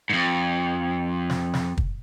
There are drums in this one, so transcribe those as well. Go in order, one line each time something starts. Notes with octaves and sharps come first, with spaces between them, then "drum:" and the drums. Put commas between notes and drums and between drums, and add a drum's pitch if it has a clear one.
F2 G#2
drum: snare
drum: snare
drum: kick